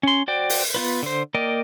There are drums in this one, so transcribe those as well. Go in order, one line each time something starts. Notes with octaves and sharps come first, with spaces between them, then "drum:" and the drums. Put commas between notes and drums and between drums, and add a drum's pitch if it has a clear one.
C#4 C6
F#4 C5 D5 G5
drum: open hi-hat
B3 F4 B4
D3 C5
A#3 A#4 D5 D#5 G5